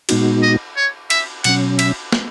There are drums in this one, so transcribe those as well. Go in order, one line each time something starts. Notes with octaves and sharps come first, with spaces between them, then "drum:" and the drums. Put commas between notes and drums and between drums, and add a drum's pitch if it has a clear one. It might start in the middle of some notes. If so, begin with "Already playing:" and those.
A#2 G#3 B3 D#4 F#4, drum: cymbal
D#5
C#5
E5, drum: cymbal
B2 F#3 C#4 F#5, drum: cymbal
E5, drum: cymbal
drum: snare